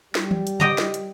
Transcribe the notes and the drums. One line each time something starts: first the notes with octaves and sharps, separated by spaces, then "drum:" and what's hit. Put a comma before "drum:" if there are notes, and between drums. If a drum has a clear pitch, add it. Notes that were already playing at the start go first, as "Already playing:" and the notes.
G3, drum: snare
drum: tom
drum: hi-hat
G4 D#5 A#5, drum: tom C#3
drum: snare
drum: hi-hat